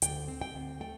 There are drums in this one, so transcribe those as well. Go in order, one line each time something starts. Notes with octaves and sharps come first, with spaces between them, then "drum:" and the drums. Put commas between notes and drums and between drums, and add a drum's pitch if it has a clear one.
D2 G5, drum: hi-hat
C4
G5
D2
A3 G5